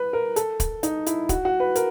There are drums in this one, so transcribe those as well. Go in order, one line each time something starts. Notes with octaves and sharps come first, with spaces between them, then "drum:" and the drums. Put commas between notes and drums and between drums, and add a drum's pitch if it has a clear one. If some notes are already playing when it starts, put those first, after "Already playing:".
Already playing: B4
A#4
A4, drum: hi-hat
drum: kick, hi-hat
D#4, drum: hi-hat
E4, drum: hi-hat
F#4, drum: kick, hi-hat
F#4
B4
A#4, drum: hi-hat